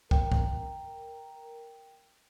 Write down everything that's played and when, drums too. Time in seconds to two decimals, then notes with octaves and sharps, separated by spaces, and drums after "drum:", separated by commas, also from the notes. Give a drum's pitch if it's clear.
0.11 A#4 G5, drum: kick
0.32 drum: kick